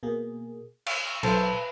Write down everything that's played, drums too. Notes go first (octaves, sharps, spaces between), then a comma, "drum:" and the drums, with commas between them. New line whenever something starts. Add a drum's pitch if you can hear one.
B2 A#3 G#4
F5 C#6 E6, drum: cymbal
B1 A4 B4 C5, drum: cymbal